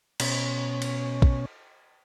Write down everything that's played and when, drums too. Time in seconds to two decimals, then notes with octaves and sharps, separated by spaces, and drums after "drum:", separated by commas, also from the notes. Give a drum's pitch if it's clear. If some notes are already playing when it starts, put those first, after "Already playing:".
0.20 B2 C#4, drum: cymbal
0.82 drum: cymbal
1.22 drum: kick